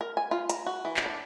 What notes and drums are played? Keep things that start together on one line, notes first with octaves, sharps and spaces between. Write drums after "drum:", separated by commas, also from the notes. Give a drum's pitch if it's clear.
A#4
G#5
F4
A#5, drum: hi-hat
F#4
E3
drum: clap
D4